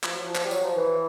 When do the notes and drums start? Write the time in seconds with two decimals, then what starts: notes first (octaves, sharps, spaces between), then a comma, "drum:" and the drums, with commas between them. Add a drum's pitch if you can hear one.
0.03 F3, drum: clap
0.14 F#3
0.25 F3
0.35 drum: clap
0.44 G3
0.51 F#3, drum: tambourine
0.64 F3
0.76 E3